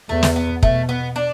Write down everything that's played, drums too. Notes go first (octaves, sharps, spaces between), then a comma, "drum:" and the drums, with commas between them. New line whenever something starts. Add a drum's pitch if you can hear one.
E2 A3
drum: snare
B3
B2 A3, drum: kick
B3
D4